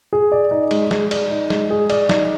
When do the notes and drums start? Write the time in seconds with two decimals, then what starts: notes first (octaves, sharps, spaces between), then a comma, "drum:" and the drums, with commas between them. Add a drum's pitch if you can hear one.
0.13 G#4
0.32 D5
0.51 D#4
0.71 G#3, drum: cymbal
0.91 G#4, drum: snare
1.11 D5, drum: cymbal
1.30 D#4
1.50 G#3, drum: snare
1.70 G#4
1.90 D5, drum: cymbal
2.09 D#4, drum: snare